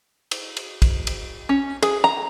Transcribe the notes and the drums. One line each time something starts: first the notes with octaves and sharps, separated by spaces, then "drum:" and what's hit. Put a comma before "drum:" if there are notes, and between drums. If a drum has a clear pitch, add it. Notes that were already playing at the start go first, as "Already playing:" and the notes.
drum: cymbal
drum: cymbal
drum: kick, cymbal
drum: cymbal
C#4
G#4, drum: cymbal
A#5